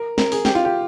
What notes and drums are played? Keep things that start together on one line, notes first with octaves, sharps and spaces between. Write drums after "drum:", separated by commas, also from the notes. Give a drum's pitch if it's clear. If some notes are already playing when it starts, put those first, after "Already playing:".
Already playing: A#4
A#4, drum: snare
G#4, drum: open hi-hat
G4, drum: snare
F4
G4